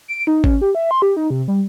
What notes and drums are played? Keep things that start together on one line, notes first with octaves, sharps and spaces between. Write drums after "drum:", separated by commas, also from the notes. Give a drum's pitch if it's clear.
D7
D#4
C#4, drum: kick G#1
G4
E5
C6
G4
D#4
C3
G3